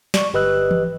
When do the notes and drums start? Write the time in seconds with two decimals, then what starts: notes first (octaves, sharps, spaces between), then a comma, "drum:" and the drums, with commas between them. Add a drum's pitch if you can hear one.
0.14 D5 C#6, drum: snare
0.33 G1 G4 B4 D#5 E6 F#6
0.71 drum: tom E3